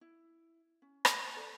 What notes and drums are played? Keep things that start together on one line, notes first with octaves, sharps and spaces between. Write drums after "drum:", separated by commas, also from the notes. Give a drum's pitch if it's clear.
E4
C#4
B5, drum: rim click
A4 B4 D5